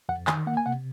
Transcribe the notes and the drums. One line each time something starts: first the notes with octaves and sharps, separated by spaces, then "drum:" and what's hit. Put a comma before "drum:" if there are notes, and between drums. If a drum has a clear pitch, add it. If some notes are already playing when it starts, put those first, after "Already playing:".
F2 F#5
D#3 G#5, drum: clap
A#3 F#5
G#5
C3 F#5